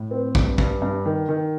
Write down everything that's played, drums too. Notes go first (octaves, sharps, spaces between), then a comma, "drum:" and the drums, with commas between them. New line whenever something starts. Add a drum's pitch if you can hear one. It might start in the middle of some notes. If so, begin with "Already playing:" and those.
Already playing: A2
C4
G2, drum: kick
G2, drum: kick
G2
D#3
D#3